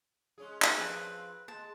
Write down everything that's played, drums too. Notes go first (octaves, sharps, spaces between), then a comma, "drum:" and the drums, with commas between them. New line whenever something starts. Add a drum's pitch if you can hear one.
G#3 C#4 G#4
drum: clap
F3 C4 B4
G#3 A5